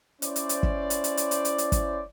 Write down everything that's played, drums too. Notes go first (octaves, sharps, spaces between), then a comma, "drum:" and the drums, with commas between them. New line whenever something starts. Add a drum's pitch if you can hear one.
C#4 E4 C5 D5, drum: hi-hat
drum: hi-hat
drum: hi-hat
drum: kick
drum: hi-hat
drum: hi-hat
drum: hi-hat
drum: hi-hat
drum: hi-hat
drum: hi-hat
drum: kick, hi-hat